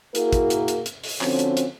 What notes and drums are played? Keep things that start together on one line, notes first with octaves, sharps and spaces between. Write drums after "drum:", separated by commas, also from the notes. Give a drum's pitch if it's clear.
A#3 E4 F#4 G#4 A#4, drum: hi-hat
drum: kick, hi-hat
drum: hi-hat
drum: hi-hat
drum: hi-hat
drum: open hi-hat
D3 F3 C4 C#4 F#4 C#5, drum: clap
drum: hi-hat
drum: hi-hat